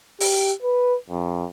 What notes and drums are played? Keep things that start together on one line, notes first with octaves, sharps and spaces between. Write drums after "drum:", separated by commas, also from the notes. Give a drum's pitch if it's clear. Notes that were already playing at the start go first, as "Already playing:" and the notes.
G4, drum: open hi-hat
B4
F2